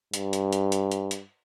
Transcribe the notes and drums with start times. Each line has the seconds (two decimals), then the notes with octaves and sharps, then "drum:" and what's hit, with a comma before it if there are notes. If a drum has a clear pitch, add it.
0.14 G2, drum: hi-hat
0.33 drum: hi-hat
0.53 drum: hi-hat
0.72 drum: hi-hat
0.92 drum: hi-hat
1.11 drum: hi-hat